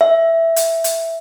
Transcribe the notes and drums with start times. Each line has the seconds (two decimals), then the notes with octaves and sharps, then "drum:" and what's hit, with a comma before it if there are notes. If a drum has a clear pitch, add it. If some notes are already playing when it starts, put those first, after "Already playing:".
0.01 E5
0.56 drum: hi-hat
0.84 drum: hi-hat